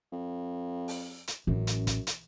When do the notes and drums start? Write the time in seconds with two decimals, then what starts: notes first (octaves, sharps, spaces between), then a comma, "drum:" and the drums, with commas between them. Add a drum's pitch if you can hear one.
0.12 F2
0.88 drum: open hi-hat
1.28 drum: hi-hat
1.47 A1 F#2
1.67 drum: hi-hat
1.87 drum: kick, hi-hat
2.07 drum: hi-hat